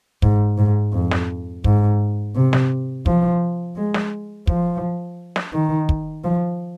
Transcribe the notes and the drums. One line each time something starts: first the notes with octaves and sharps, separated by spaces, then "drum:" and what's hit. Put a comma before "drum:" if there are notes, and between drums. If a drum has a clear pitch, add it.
G#2, drum: kick
G#2
F2
drum: snare
G#2, drum: kick
C3
drum: snare
F3, drum: kick
G#3
drum: snare
F3, drum: kick
drum: snare
D#3
drum: kick
F3